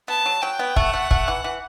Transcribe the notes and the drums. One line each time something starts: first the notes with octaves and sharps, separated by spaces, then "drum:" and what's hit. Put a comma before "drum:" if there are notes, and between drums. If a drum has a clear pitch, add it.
B3 A5
F#3
F#3 G5
B3
A3 F#5, drum: kick
A3
A3, drum: kick
E3
E3